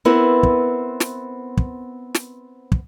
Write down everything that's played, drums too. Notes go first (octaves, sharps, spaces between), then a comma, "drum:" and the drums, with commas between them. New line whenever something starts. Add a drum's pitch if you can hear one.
B3 C4 E4 A#4 B4
drum: kick
drum: snare
drum: kick
drum: snare
drum: kick